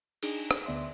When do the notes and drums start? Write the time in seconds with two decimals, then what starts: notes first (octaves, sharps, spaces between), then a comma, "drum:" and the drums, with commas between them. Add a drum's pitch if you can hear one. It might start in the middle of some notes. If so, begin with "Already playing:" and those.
0.23 D4 D#4 G#4, drum: cymbal
0.51 drum: rim click
0.66 D2 D3 B3 D5 E5 C6